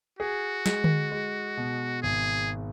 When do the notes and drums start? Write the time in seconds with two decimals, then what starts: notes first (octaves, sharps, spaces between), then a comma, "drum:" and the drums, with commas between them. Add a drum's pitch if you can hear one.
0.19 F#4 G#4
0.66 G#3, drum: snare
0.84 drum: tom D3
1.11 G#3
1.57 B2
2.03 G#1 G#4